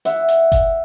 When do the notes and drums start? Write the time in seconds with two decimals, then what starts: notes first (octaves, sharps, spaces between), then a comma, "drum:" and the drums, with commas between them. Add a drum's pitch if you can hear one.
0.05 E5 F#5, drum: hi-hat
0.28 drum: hi-hat
0.52 drum: kick F#1, hi-hat